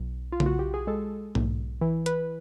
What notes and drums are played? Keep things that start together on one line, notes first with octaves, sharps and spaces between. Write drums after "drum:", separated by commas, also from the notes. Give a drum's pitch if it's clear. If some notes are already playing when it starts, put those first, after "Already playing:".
Already playing: B1
F4
B1, drum: tom C#3
F#4
G4
G#4
G#3 A4
B1, drum: tom G#2
E3
B4, drum: hi-hat